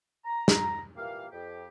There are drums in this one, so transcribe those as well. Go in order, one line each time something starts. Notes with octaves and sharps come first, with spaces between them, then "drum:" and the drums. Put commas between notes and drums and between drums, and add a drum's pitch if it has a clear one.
A#5
drum: snare
A#2 E3 A#3 G4 F5
F2 G4